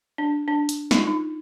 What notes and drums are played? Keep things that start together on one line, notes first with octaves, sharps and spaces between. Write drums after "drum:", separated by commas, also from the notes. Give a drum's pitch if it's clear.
D4
D4
drum: hi-hat
D#4, drum: snare
F4
D#4